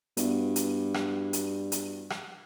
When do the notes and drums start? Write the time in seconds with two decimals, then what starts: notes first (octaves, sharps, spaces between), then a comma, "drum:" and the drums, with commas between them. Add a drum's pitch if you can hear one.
0.17 G2 B3 E4 F#4, drum: hi-hat
0.56 drum: hi-hat
0.94 drum: rim click
1.33 drum: hi-hat
1.72 drum: hi-hat
2.10 drum: rim click